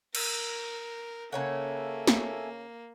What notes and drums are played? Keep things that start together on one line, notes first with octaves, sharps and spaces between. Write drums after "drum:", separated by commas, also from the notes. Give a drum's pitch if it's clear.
A#4, drum: cymbal
C#3 A#3 A4 C#5 E5 F#5 G#5
drum: snare